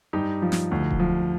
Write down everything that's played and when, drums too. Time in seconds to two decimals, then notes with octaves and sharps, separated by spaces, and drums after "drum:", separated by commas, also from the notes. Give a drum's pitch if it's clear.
0.13 G2 D#4 G4
0.42 F3
0.52 drum: snare
0.71 D2
0.90 drum: kick D#1
1.00 F3